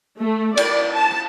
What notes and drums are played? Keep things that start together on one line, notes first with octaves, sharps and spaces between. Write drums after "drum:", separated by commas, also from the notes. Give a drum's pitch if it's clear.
A3
D5, drum: cymbal
A5